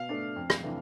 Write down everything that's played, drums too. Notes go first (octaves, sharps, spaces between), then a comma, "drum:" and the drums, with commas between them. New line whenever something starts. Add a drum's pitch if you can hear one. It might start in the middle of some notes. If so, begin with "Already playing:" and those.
Already playing: B2 F5
A3 D4
F2
drum: rim click
C3 E3 A3 D4